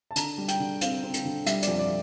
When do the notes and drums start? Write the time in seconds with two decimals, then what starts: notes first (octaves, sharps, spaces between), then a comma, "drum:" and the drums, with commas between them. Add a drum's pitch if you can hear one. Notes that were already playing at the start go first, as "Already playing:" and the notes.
0.11 A5
0.16 D3 A#5, drum: hi-hat
0.38 G3
0.48 G5, drum: hi-hat
0.60 D3
0.81 C4 F5, drum: hi-hat
1.03 C4
1.14 drum: hi-hat
1.25 D3
1.46 G3 E5, drum: hi-hat
1.62 D5, drum: hi-hat
1.67 F2
1.79 D5